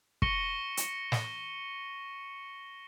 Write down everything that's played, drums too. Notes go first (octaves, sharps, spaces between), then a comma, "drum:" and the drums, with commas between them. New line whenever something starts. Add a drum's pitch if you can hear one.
C#6 A#6 C#7 D#7 G7, drum: kick
drum: hi-hat
drum: snare